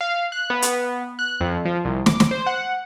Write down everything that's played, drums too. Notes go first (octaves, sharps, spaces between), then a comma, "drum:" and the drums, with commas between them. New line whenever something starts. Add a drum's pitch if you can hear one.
F5
F#6
B3
drum: hi-hat
F#6
F2
F3
C2
D6, drum: snare
drum: snare
C5
F#5